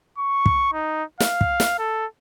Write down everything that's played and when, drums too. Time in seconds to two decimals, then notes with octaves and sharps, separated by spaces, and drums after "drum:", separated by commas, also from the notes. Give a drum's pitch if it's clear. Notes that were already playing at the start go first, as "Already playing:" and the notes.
0.18 C#6
0.46 drum: kick
0.73 D#4
1.20 F5, drum: snare
1.41 drum: kick
1.60 drum: snare
1.79 A4